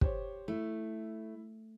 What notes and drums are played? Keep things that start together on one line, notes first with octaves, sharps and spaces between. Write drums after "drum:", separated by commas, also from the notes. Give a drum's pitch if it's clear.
G4 C5 C#5, drum: kick
A3 E4